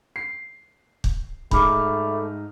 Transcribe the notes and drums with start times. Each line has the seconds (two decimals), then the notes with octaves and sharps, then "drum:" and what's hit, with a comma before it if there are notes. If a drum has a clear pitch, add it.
0.16 C7
1.04 drum: kick
1.51 G#2 A3 D#4 B5 D6 F6, drum: kick